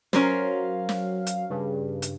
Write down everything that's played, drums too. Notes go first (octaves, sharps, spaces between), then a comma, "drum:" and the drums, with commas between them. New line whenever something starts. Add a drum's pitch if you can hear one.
F#3 C#4 A#4 C5 F5, drum: snare
drum: snare
drum: hi-hat
G2 C#3
drum: hi-hat